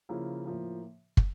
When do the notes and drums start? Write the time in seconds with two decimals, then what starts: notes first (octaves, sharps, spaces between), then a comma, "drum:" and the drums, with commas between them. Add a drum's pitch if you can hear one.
0.09 C#3 F3 A#3 E4
0.46 A2 F3 A#3
1.17 drum: kick